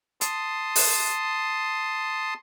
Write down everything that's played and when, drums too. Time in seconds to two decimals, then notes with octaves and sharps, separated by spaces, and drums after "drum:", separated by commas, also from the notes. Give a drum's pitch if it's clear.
0.21 A5 C6 D#6, drum: hi-hat
0.76 drum: open hi-hat